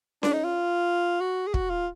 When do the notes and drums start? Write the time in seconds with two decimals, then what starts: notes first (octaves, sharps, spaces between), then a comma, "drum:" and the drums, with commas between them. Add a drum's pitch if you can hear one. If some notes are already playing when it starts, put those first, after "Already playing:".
0.23 D4, drum: snare C#4
0.33 D#4
0.44 F4
1.21 F#4
1.47 G#4
1.54 F#4, drum: kick
1.70 F4